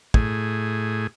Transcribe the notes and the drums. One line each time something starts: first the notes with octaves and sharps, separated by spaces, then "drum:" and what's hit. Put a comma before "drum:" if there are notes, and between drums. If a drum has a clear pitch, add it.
A2 G#4, drum: kick